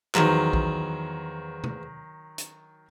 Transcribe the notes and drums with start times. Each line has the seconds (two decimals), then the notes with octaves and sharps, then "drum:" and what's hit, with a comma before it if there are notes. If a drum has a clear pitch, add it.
0.15 E2 D#3 F3 F#3, drum: clap
0.53 drum: kick A#1
1.64 drum: tom C3
2.38 drum: hi-hat